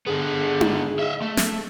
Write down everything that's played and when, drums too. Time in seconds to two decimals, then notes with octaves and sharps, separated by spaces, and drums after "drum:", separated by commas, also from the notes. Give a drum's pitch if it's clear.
0.07 D3 B3 G#4
0.61 drum: tom D#4
0.99 D#5 E5
1.22 A3
1.37 drum: snare